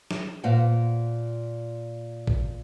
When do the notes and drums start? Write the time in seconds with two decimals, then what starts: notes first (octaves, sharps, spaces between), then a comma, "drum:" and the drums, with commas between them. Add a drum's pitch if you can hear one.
0.11 drum: snare
0.44 A#2 C5 F#5
2.27 drum: kick A1